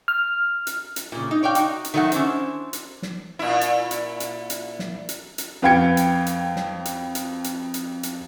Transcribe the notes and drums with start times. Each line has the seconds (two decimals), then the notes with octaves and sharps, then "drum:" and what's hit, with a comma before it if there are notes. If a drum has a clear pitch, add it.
0.08 F6
0.67 drum: hi-hat
0.96 drum: hi-hat
1.12 A#2 C#3
1.31 D#4
1.43 C#5 D5 F5 G5
1.55 D#4 F#4, drum: hi-hat
1.85 drum: hi-hat
1.94 D#3 F#3 A3 B4 F#5
2.12 C#4 D4 E4 C5, drum: hi-hat
2.73 drum: hi-hat
3.02 drum: snare
3.39 A#2 E4
3.61 drum: hi-hat
3.91 drum: hi-hat
4.20 drum: hi-hat
4.50 drum: hi-hat
4.79 drum: snare
5.09 drum: hi-hat
5.38 drum: hi-hat
5.62 F2 B4 F5 G5 G#6 C#7
5.97 drum: hi-hat
6.27 drum: hi-hat
6.56 drum: snare
6.85 drum: hi-hat
7.15 drum: hi-hat
7.44 drum: hi-hat
7.74 drum: hi-hat
8.03 drum: hi-hat